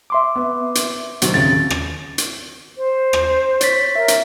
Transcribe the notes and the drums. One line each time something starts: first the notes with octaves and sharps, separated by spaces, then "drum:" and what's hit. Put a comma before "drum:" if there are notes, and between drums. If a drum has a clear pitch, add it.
E5 C6 D6
B3
drum: hi-hat
B2 D#3 F#3 C4, drum: hi-hat
D#2 C#3 A6
drum: rim click
drum: hi-hat
C5
drum: rim click
C#5 A6 B6, drum: hi-hat
A#4 E5
drum: hi-hat